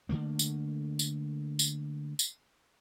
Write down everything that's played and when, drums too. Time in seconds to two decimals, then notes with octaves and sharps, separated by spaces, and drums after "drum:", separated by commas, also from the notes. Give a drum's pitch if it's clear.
0.09 D3 D#3 A3 A#3
0.39 drum: tambourine
0.99 drum: tambourine
1.59 drum: tambourine
2.19 drum: tambourine